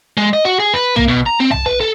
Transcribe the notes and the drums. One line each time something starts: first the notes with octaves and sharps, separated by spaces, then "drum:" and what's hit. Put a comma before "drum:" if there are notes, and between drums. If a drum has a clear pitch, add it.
G#3
D#5
F#4
G#4
B4
A#3, drum: tom
B2
A#5
C4
A5, drum: tom
B4
A4